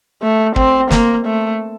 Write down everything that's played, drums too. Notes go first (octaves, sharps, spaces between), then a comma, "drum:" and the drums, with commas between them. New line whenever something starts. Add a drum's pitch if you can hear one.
A3
C4, drum: kick
A#3, drum: snare
A3